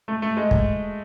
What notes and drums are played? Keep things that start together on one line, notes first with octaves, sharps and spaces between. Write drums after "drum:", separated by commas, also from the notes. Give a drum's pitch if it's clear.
A3
A3
G#3
drum: kick